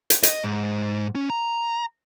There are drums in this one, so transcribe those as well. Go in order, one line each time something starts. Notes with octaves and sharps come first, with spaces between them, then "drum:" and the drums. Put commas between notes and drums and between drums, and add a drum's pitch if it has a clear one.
drum: hi-hat
D#5, drum: hi-hat
G#2
C#4
A#5